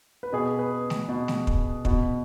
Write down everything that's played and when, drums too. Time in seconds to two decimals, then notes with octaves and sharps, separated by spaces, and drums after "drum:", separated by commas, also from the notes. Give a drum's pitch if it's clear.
0.23 B4
0.33 B2 G#4
0.59 B4
0.90 drum: snare A3
1.09 B2
1.28 drum: snare A3
1.47 drum: kick
1.85 B2, drum: kick